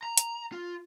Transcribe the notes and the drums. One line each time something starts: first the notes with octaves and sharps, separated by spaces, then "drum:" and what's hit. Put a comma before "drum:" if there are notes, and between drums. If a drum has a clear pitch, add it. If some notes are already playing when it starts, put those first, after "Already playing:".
A#5
drum: hi-hat
F4